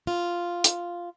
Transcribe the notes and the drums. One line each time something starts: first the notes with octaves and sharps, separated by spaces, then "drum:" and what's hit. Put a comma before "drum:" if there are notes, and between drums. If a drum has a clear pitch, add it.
F4
drum: hi-hat